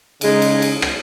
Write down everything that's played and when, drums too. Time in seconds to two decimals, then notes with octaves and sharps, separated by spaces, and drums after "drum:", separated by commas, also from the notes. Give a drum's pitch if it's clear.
0.21 C#3 G#3 D#4, drum: cymbal
0.42 drum: cymbal
0.62 drum: cymbal
0.82 drum: rim click